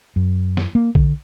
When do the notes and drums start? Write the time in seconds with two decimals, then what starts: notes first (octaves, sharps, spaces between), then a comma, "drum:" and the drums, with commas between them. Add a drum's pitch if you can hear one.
0.16 F#2
0.57 drum: snare
0.75 A#3
0.95 D3, drum: kick A#1